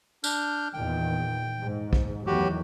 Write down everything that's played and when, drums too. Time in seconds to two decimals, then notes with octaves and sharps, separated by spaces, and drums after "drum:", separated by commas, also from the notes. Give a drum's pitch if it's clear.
0.24 D4 F6 G6, drum: tambourine
0.74 E2 A#2 D#3 G5
1.61 G#2
1.93 drum: kick
2.27 E2 A2 D#3 F#3 F#4 G4